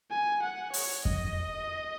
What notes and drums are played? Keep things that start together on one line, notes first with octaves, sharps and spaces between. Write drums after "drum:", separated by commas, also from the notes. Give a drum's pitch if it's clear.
G#5
F#5
C#5, drum: open hi-hat
D#5, drum: kick F2